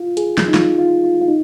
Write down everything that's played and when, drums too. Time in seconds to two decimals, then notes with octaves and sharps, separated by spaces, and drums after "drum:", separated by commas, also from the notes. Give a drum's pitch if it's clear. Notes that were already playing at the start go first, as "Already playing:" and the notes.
Already playing: F4
0.17 G#4, drum: hi-hat
0.38 drum: snare
0.48 D#4
0.54 F4, drum: snare
0.79 F4
1.04 F4
1.21 F4
1.28 D#4